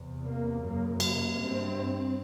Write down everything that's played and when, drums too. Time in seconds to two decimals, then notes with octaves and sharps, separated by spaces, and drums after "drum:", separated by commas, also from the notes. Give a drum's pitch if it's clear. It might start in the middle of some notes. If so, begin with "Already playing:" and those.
Already playing: E2 C3
0.24 A#3
0.62 F#2 C#3 A#3
1.00 A#3, drum: cymbal
1.38 G2 C4